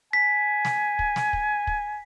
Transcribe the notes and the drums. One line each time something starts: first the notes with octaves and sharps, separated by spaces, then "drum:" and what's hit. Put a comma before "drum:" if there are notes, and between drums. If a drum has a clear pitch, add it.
G#5 B6
drum: snare
drum: kick
drum: snare
drum: kick
drum: kick